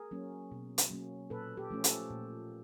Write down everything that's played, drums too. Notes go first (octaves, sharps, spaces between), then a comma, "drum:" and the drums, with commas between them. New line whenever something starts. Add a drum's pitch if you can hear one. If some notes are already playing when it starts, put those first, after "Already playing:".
Already playing: G#4 A#4
F#3 A#3 C#4
B2
drum: hi-hat
F#3 A#3 C#4
A#2 A4 B4
G4 A4
F3 A3 C#4
G4 A4, drum: hi-hat
A#2